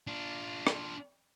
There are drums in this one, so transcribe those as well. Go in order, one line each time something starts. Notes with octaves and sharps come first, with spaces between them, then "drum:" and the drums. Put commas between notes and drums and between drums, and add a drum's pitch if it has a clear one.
D4 F4
drum: rim click